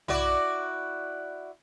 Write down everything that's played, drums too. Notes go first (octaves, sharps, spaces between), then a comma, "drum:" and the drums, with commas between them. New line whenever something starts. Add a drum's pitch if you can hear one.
E4 F#4 D5, drum: tom